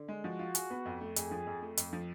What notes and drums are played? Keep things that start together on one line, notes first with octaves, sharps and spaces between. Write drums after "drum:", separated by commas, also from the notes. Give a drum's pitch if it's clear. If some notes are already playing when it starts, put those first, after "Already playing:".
Already playing: D3
G#3
F3 F#4
F4
G#4, drum: hi-hat
B3
F2
A3
F2 G#4, drum: hi-hat
F3
F2
A3
F2, drum: hi-hat
F3